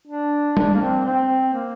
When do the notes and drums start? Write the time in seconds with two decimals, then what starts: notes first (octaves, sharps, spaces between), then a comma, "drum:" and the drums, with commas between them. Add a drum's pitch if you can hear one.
0.07 D4
0.57 D4, drum: tom G3
0.74 A#3
0.81 C4
1.05 C4
1.53 A#3